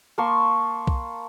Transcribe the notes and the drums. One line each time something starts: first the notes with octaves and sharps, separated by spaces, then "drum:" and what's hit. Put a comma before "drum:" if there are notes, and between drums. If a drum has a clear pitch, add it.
A#3 A5 C6 C#6
drum: kick B1